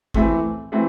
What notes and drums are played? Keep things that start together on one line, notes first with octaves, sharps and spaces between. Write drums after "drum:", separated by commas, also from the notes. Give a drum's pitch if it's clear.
E3 A3 C4, drum: kick
E3 A3 C4